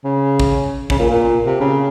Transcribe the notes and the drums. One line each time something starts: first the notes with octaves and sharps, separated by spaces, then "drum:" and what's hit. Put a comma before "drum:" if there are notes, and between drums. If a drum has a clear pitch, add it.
C#3
drum: kick
C#3, drum: kick
A#2
A#2
C3
C#3